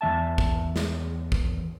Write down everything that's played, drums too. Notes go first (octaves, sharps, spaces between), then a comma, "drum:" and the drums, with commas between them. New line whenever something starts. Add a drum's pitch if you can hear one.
E2 G3 E5 A5
drum: kick
drum: snare
drum: kick